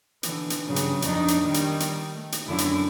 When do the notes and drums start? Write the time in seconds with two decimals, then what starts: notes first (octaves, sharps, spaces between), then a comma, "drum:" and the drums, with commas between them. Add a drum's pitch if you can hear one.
0.23 D3 E3, drum: hi-hat
0.50 drum: hi-hat
0.66 G2 C#3 F#3
0.76 drum: hi-hat
1.02 F2 D4 D#4, drum: hi-hat
1.28 drum: hi-hat
1.41 D#3 G3
1.54 drum: hi-hat
1.80 drum: hi-hat
2.14 A3
2.32 drum: hi-hat
2.46 F#2 D3 E4
2.58 drum: hi-hat